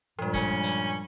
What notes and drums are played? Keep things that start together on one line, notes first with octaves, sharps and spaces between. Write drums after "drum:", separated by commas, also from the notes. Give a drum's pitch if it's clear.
G2 A#2 F3 G3 G#3
C#4, drum: kick, hi-hat
drum: hi-hat